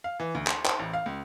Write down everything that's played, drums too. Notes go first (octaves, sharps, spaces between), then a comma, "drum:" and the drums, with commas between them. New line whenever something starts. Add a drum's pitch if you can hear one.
F5
E3
D2
C6, drum: clap
C5, drum: clap
A1
F5
C#2